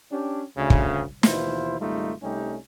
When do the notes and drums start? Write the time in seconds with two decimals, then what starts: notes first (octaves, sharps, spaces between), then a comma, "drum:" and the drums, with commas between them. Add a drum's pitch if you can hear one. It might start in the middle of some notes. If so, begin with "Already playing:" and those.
0.12 C#4 D4 G4
0.57 D2 C#3
0.70 drum: kick
1.23 D#2 B2 E3 E4 F4 C5, drum: snare
1.80 G#1 C#2 G3 A3 D#4 F4
2.22 C2 G3 A3 C#4 D#4 G4